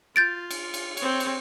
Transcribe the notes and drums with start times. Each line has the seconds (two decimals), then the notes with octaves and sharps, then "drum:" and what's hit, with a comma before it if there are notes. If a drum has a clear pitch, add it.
0.16 F4 G6 A6 D7
0.51 drum: cymbal
0.74 drum: cymbal
0.97 C4 C#5, drum: cymbal
1.20 drum: cymbal